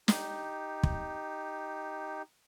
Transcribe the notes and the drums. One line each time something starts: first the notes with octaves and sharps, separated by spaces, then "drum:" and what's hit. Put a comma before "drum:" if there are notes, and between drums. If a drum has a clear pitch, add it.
D#4 G4, drum: snare
drum: kick